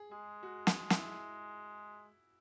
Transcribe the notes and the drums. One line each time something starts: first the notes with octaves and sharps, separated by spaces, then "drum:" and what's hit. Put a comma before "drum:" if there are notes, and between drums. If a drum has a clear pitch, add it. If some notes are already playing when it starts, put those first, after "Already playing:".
Already playing: G#4
G#3 G#4
F#4
drum: snare
E4, drum: snare